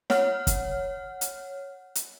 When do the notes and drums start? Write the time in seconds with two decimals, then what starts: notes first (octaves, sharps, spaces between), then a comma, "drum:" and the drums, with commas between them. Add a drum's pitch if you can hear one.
0.10 C#5 F#5 F6, drum: snare
0.47 drum: kick, hi-hat
1.21 drum: hi-hat
1.95 drum: hi-hat